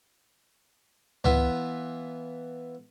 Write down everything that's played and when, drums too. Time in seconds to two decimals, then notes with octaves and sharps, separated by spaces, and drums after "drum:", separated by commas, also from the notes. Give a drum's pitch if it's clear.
1.24 E3 B3 F4 B4 E5, drum: tom C#2